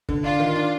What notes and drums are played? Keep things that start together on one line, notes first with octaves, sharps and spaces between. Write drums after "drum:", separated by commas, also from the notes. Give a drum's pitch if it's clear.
D3, drum: kick
D4 F4
D#3
D4